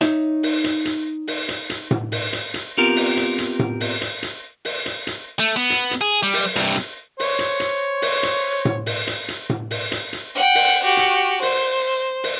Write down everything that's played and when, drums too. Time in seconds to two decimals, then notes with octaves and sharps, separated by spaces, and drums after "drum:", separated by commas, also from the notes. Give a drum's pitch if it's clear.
0.01 D#4 C#5 E5, drum: hi-hat
0.43 drum: open hi-hat
0.64 drum: hi-hat
0.85 drum: hi-hat
1.28 drum: open hi-hat
1.49 drum: hi-hat
1.70 drum: hi-hat
1.91 drum: tom A2
2.12 drum: open hi-hat
2.33 drum: hi-hat
2.54 drum: hi-hat
2.78 B3 C4 F4 G4 A#4
2.96 drum: open hi-hat
3.17 drum: hi-hat
3.38 drum: hi-hat
3.59 drum: tom A2
3.80 drum: open hi-hat
4.02 drum: hi-hat
4.23 drum: hi-hat
4.65 drum: open hi-hat
4.86 drum: hi-hat
5.07 drum: hi-hat
5.40 A3
5.56 B3
5.70 drum: hi-hat
5.91 drum: hi-hat
6.01 G#4
6.23 G3
6.33 drum: open hi-hat
6.56 G2 C3, drum: hi-hat
6.76 drum: hi-hat
7.20 C5 C#5, drum: open hi-hat
7.39 drum: hi-hat
7.60 drum: hi-hat
8.02 drum: open hi-hat
8.23 drum: hi-hat
8.65 drum: tom A2
8.86 drum: open hi-hat
9.07 drum: hi-hat
9.28 drum: hi-hat
9.50 drum: tom A2
9.71 drum: open hi-hat
9.92 drum: hi-hat
10.13 drum: hi-hat
10.35 F#5 G5
10.55 drum: open hi-hat
10.84 F#4 G4
10.97 drum: hi-hat
11.42 C5, drum: open hi-hat
12.24 drum: open hi-hat